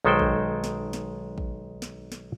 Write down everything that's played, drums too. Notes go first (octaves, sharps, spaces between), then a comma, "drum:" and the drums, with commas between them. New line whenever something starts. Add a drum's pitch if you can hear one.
B1 D#3 G#3 A4 C5 G5
drum: kick
drum: snare
drum: snare
drum: kick
drum: snare
drum: snare